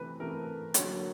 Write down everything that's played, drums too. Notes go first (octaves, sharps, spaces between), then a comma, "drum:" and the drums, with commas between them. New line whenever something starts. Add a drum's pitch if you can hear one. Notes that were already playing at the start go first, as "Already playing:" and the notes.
Already playing: C3 E3 A3 B4
C3 E3 A3 A#4
D3 F#3 A#3 C#5, drum: hi-hat